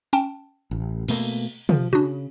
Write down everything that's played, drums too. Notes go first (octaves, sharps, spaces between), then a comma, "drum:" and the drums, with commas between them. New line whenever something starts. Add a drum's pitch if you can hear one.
C#4 G5 A5
A1
B2 A3 A#3, drum: cymbal
F3, drum: tom
C#3 D4 F#4